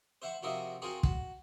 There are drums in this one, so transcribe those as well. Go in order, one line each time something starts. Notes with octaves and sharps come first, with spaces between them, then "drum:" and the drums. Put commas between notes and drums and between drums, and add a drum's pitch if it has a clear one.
C5 E5 F#5 B5 C#6
C3 F3 F#4 A#4 D#5 E5
C4 F4 F#4 G#4 A#4
F#4, drum: kick